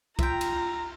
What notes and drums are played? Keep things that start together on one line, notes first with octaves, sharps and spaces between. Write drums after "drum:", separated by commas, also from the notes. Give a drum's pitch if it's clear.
F4 E5 G5 A#5, drum: kick C2
drum: cymbal